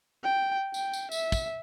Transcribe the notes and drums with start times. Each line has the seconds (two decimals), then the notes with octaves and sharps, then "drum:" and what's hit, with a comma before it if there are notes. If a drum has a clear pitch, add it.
0.24 G5
0.74 G5, drum: tambourine
0.93 drum: tambourine
1.12 E5, drum: tambourine
1.32 drum: kick, tambourine